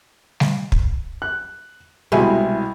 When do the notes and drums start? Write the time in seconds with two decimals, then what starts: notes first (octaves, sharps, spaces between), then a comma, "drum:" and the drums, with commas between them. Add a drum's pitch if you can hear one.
0.40 drum: snare G3
0.72 drum: kick
1.22 F#6
2.12 C2 B2 G#3 E4 G#5